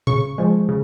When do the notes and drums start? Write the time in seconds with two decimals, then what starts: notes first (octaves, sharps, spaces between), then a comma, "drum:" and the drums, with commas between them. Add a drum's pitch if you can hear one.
0.07 C#3 C#6, drum: tom A2
0.38 F3 G#3
0.69 C#3